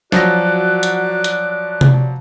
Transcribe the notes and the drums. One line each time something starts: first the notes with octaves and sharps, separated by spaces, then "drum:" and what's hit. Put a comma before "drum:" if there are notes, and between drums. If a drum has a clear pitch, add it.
F3 F#3 F#4 D5 F#6 A#6, drum: snare
drum: hi-hat
drum: hi-hat
drum: tom C3